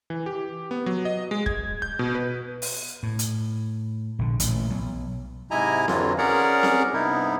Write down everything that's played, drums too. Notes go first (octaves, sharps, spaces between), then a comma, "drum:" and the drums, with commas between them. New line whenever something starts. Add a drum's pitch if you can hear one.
E3
G4
B3
F#3
D#5
G#3
G#6, drum: kick
G6
B2
B4
drum: open hi-hat
A2
drum: hi-hat
A#1 D3
A1 A#2, drum: hi-hat
B1
G#2 C3 E4 D#5 G#5 A#5
F2 D3 E3 F#3 F4, drum: snare C4
C#4 G#4 A#4 D5 F#5 A#5
drum: snare C4
G2 C3 B3 D#4 E4